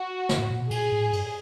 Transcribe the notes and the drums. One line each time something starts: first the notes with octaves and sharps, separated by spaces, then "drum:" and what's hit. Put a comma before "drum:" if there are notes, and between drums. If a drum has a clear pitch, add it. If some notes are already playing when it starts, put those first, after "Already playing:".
Already playing: F#4
D3, drum: snare
A2
A#2
B2
A#2 G#4, drum: cymbal
A2
G2, drum: cymbal